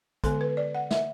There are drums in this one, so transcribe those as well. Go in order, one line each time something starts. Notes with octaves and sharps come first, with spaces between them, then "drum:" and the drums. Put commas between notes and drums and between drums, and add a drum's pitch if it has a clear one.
D3 G#3 B3 A4, drum: kick, hi-hat
B4
D5
F#5
E5, drum: snare